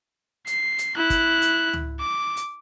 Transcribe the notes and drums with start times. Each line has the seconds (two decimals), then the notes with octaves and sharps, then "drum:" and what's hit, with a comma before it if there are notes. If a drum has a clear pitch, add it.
0.47 C7, drum: hi-hat
0.79 drum: hi-hat
0.97 E4 F#6
1.10 drum: kick, hi-hat
1.42 drum: hi-hat
1.73 drum: tom C#2
2.00 D6
2.37 drum: hi-hat